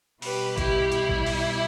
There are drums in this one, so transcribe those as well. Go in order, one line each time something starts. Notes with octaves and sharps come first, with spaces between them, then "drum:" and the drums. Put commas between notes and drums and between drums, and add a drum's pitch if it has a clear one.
B2 G3 G4 B4, drum: open hi-hat
E4 G4, drum: kick, hi-hat
E4, drum: hi-hat
drum: kick
drum: open hi-hat